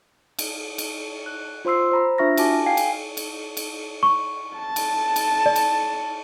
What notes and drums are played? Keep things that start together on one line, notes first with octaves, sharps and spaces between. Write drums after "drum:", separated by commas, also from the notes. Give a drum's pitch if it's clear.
drum: cymbal
drum: cymbal
F#6
F4 C5 C6 E6 C7
C5 A#5 B5
D4 F4 E5 C#6 F6 A#6
E4 F#4 G#5 A5 D6, drum: cymbal
F5 G5 G#5 C7
drum: cymbal
drum: cymbal
drum: cymbal
C#6
A5
drum: cymbal
drum: cymbal
D5
drum: cymbal